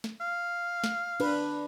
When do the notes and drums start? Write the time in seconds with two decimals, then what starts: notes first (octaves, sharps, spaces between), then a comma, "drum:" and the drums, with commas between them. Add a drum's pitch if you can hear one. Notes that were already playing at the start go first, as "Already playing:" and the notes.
0.04 drum: snare
0.21 F5
0.84 drum: snare
1.20 D4 B4, drum: cymbal